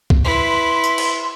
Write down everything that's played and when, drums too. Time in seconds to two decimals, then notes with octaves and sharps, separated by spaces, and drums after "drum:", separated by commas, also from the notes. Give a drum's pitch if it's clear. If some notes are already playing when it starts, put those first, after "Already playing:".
0.10 drum: kick C2
0.25 E4 B4 C6
0.84 drum: tambourine
0.98 drum: cymbal